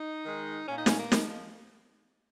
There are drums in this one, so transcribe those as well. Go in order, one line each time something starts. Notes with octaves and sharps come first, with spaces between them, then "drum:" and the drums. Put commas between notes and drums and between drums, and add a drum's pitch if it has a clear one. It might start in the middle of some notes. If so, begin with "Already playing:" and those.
Already playing: D#4
D#3 G#3
A#2 C#4
D#4
C#4, drum: snare
A#3
F3 G#3, drum: snare